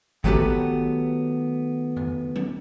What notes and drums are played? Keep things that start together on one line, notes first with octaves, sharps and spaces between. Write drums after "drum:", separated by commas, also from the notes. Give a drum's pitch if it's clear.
D#3 F#3 A3 B3 G4 B4, drum: kick G#1
drum: tom F2
drum: tom F#3